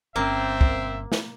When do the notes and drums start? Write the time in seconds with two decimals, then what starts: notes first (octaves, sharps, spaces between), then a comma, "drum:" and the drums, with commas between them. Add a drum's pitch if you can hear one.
0.16 G1 C3 A#3 C4 C#4 E5
0.61 drum: kick
1.12 drum: snare